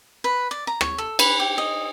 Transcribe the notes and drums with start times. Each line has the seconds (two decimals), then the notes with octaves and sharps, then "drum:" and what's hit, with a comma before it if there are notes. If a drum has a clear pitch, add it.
0.24 B4
0.51 D5
0.67 A#5
0.81 C#5, drum: rim click
0.98 A4
1.19 B4, drum: cymbal
1.40 G4
1.58 D#5